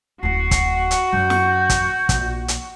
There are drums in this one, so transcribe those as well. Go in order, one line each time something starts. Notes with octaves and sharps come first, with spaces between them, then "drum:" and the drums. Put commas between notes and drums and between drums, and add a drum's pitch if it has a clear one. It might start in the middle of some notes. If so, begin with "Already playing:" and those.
D1 E4 F#4 C7
drum: kick, hi-hat
drum: hi-hat
F#2 G6
drum: snare
drum: kick, hi-hat
A#1, drum: kick, hi-hat
drum: hi-hat